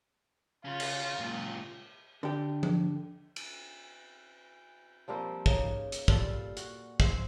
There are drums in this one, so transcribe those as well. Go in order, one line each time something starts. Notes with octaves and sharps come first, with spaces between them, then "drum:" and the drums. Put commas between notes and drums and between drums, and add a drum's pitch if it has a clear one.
C#3 C#4 F4
drum: cymbal
C#2 A#2
D3 G4
drum: tom F3
drum: cymbal
F3 G3 A#3 C4
C#3 A#3 D#4, drum: kick
drum: hi-hat
A#2 G3 F4 A4, drum: kick
F#4, drum: hi-hat
G#3 C4, drum: kick